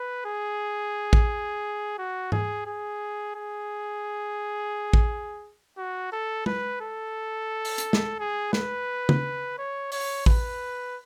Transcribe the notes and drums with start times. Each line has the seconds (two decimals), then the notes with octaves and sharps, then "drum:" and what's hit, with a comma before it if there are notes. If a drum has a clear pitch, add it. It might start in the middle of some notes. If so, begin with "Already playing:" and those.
Already playing: B4
0.25 G#4
1.13 drum: kick
1.98 F#4
2.32 G#4, drum: tom G#2
2.66 G#4
3.35 G#4
4.93 drum: kick
5.77 F#4
6.12 A4
6.46 B4, drum: tom
6.81 A4
7.65 drum: open hi-hat
7.78 drum: hi-hat
7.93 drum: snare
8.19 G#4
8.53 B4, drum: snare
9.09 drum: tom C#3
9.58 C#5
9.92 C#5, drum: open hi-hat
10.26 B4, drum: kick